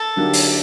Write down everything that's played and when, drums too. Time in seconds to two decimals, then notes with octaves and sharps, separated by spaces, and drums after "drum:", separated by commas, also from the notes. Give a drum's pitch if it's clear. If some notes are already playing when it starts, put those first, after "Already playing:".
Already playing: A4
0.16 D3 F#3 A#3 D#4 G4
0.33 drum: open hi-hat